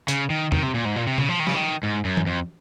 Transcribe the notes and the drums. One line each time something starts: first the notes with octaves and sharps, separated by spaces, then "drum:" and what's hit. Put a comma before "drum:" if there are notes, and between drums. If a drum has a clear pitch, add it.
C#3, drum: hi-hat
D#3
D#3, drum: tom
C3
A#2
G#2
A#2
C3
C#3, drum: tom
F3
D#3
C#3, drum: snare
D#3
G#2
F#2
drum: tom E3
F2